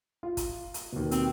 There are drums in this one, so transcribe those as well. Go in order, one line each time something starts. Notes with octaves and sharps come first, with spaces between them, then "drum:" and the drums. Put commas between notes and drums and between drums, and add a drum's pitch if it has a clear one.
F4
drum: kick, hi-hat
drum: hi-hat
D#2 B2
C4, drum: hi-hat